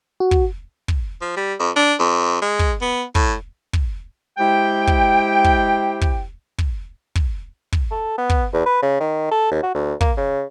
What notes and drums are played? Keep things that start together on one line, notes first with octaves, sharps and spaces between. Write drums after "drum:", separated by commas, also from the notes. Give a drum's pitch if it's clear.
F#4
drum: kick
drum: kick
F3
G3
F2
D4
F2
G#3
drum: kick
B3
A2, drum: kick
drum: kick
G#3 E4 G4 C5 G5
drum: kick
drum: kick
drum: kick
drum: kick
drum: kick
drum: kick
A4
B3
drum: kick
E2
B4
C#3
D#3
A4
D#2
F#4
D2
A#3, drum: kick
C#3